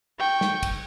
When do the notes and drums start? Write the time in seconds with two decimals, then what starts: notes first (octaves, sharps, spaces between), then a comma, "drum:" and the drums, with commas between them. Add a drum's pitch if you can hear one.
0.20 G5 C#6
0.41 drum: snare
0.63 drum: kick, cymbal